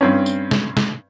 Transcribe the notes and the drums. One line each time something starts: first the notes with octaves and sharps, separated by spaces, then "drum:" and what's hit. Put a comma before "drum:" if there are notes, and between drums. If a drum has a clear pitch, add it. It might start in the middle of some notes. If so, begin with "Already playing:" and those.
G2 C4 C#4
drum: tambourine
drum: snare
drum: snare